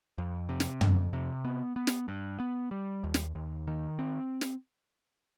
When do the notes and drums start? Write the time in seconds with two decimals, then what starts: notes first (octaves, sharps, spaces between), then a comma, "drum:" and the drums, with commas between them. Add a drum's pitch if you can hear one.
0.18 F2
0.49 C3
0.60 drum: snare
0.81 F2, drum: tom
1.13 C3
1.44 B3
1.76 B3
1.87 drum: snare
2.08 G2
2.40 B3
2.71 G3
3.04 D#2
3.14 drum: snare
3.35 D#2
3.67 D#3
3.99 C4
4.41 drum: snare